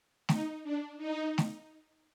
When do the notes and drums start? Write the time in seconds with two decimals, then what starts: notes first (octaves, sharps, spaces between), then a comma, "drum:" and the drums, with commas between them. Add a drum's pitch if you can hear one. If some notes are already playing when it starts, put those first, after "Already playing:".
0.29 D#4, drum: snare A3
0.63 D4
0.97 D#4
1.38 drum: snare A3